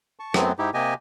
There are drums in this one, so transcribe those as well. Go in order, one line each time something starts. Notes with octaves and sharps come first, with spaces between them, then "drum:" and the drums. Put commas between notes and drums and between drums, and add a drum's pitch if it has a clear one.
A5 C#6
F#2 F#3 A3 B3 C4, drum: rim click
G#2 D#4 E4 G4
C3 A#3 G4 D#5 G#5